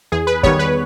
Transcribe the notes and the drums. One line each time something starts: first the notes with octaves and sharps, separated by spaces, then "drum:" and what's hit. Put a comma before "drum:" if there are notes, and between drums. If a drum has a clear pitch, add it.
E2 G#4
B4
D#3 G3 B3 C#5, drum: kick
B4